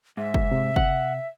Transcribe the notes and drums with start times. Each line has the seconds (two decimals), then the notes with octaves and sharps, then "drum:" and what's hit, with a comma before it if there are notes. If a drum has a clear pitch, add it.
0.17 G#2 E5
0.34 drum: kick
0.52 C3
0.76 F#5, drum: kick